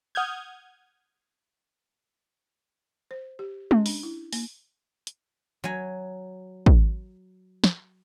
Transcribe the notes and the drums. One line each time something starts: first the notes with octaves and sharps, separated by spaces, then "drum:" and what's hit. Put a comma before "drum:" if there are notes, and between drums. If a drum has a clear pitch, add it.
F#5 D#6 F6 G6 G#6
C5
G4
C#4, drum: tom G#3
D4, drum: open hi-hat
E4
A#3, drum: open hi-hat
drum: hi-hat
F#3 G#5
drum: kick
drum: snare